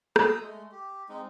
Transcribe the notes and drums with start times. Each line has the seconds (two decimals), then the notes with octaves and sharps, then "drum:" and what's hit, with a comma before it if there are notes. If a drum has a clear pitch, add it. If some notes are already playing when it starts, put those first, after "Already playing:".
0.16 A#5 D#6 E6, drum: rim click
0.41 G#3 A3
0.72 G4
1.09 G#3 C4 D#4